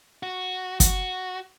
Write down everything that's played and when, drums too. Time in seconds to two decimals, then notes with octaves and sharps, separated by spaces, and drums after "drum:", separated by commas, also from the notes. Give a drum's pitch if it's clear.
0.23 F#4
0.80 F#4, drum: kick, hi-hat